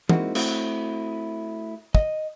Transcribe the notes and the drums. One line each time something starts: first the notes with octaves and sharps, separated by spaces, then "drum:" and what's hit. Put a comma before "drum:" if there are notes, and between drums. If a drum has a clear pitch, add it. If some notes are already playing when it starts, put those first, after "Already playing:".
G#3 A#3 C4 D#4 E4 F#4, drum: tom
A3 C4 E4 F#4, drum: cymbal
D#5, drum: kick